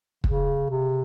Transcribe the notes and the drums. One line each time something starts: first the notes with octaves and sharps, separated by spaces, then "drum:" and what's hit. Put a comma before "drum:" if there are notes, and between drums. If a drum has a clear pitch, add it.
C#3, drum: kick
C3